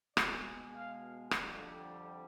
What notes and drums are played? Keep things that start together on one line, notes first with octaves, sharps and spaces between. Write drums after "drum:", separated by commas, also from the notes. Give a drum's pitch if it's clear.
B2 G#3 D5, drum: rim click
F5
F2 D3 G3, drum: rim click